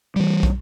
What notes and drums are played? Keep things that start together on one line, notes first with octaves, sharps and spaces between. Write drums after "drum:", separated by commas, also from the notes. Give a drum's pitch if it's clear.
E3 G3
drum: kick